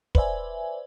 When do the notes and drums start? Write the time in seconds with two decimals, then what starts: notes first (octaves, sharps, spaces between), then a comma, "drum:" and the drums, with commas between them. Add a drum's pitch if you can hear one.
0.15 B4 C5 D5 E5 G#5, drum: kick